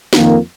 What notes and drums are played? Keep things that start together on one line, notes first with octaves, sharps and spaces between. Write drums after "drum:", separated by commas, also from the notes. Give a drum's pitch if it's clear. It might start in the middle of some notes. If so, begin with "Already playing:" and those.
F2 D#3 A#3, drum: snare